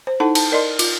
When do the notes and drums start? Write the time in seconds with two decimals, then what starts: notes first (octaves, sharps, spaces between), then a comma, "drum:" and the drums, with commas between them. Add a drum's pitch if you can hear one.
0.07 C5
0.20 D#4 E4 A4 F#5 A5
0.35 A5, drum: cymbal
0.52 A#4 D5 D#5 C6
0.79 F4, drum: cymbal